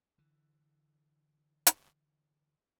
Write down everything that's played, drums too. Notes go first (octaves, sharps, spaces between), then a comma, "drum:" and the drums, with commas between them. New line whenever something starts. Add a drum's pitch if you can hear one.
D3 E3
drum: hi-hat